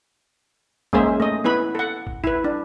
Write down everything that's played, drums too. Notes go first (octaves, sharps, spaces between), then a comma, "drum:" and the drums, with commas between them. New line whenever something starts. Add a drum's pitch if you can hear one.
G#3 A#3 C#4 G#4 C5 E5, drum: kick
A3 D#5
B3 E4 B4 B5
A4 F#5
drum: kick
E4 B4, drum: kick
D4